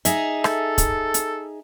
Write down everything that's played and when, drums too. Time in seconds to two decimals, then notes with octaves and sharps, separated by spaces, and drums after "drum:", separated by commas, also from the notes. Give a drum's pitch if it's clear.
0.05 D#4 G#4 E5, drum: hi-hat
0.44 A4, drum: rim click
0.78 drum: kick, hi-hat
1.14 drum: hi-hat